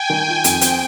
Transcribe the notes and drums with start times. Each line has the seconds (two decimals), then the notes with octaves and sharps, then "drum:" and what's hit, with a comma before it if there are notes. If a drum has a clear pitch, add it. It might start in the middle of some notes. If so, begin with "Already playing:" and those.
Already playing: G5 G#5
0.10 D#3
0.27 F4
0.44 F2 G5, drum: hi-hat
0.61 C4, drum: hi-hat